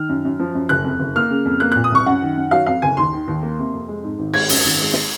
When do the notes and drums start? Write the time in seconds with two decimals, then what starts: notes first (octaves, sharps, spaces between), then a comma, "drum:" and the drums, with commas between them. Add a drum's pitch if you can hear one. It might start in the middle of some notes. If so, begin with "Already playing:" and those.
Already playing: D#3 F6
0.09 F#2
0.25 F#2
0.39 F3
0.55 F#2
0.69 F#1 F#6
0.84 F2
0.99 F#1
1.16 A#3 F6
1.30 C#3
1.45 F2
1.60 A#3 F#6
1.72 A#2 F#6
1.84 D#6
1.92 C2 C#6
2.06 F#2 F#5
2.22 D#3
2.37 F#2
2.51 F#3 F5
2.66 F2 F5
2.82 F#1 G#5
2.97 D#2 C6
3.13 D#3
3.28 D#2
3.43 A#3
3.59 C3
3.73 F2
3.88 G#3
4.03 G#2
4.19 G#1
4.33 G#3 G#6, drum: cymbal
4.49 F#2, drum: open hi-hat
4.64 G#1
4.80 G#3
4.93 drum: snare